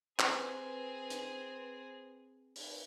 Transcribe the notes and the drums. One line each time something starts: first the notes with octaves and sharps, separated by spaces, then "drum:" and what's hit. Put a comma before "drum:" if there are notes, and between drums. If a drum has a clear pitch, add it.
C4 G#4 B4 C5, drum: clap
drum: hi-hat
drum: open hi-hat